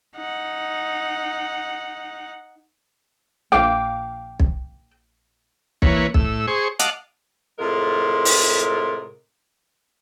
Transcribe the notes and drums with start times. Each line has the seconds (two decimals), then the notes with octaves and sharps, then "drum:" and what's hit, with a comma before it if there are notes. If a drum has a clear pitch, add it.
0.16 D#4 F#5
3.52 A#1 F5 G5 D6
4.40 drum: kick
5.82 E3 A#3 B4 C#5, drum: kick
6.14 A2 E6, drum: kick
6.47 G#4 C5 C#6
6.79 D#5 F5 F#5 A5 D6, drum: hi-hat
7.59 A2 C3 G#3 F4 A#4
8.25 drum: open hi-hat